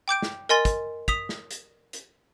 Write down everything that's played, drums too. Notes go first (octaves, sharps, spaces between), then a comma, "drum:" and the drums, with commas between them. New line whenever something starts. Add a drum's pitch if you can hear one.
G5 D6 G6 D7
drum: snare
A#4 D#5 G#5 C6 A6
drum: kick, hi-hat
D#6 B6 F7, drum: kick
drum: snare
drum: hi-hat
drum: hi-hat